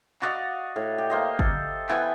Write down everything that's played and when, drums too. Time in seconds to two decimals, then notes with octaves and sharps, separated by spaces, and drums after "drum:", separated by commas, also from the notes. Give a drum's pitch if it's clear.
0.22 F#4 D5 D#5 F5, drum: clap
0.76 A2
0.98 G4
1.10 A#3 C5 D#5
1.39 A4, drum: kick G1
1.89 E3 B3 G5 G#5, drum: clap